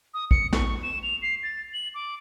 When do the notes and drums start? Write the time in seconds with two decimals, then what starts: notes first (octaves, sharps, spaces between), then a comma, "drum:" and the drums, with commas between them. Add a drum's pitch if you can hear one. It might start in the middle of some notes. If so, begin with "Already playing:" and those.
0.14 D#6
0.31 C#7, drum: kick A#1
0.53 C#6, drum: snare
0.83 E7
1.03 F7
1.22 C7
1.43 A6
1.74 F#7
1.95 D6